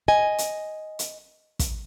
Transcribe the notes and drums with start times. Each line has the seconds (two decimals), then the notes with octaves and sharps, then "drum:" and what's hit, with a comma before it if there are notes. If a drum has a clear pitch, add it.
0.08 D#5 G#5
0.38 drum: hi-hat
0.99 drum: hi-hat
1.59 drum: kick, hi-hat